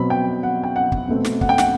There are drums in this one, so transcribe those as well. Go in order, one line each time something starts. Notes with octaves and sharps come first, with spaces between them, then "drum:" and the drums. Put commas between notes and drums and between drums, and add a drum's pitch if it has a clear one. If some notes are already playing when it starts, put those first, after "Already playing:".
Already playing: B2 F#3 C4 B5
G5
F#5
G5
F#5
drum: kick
B2 A3 C4
drum: snare
F#5, drum: kick
G5
F#5, drum: snare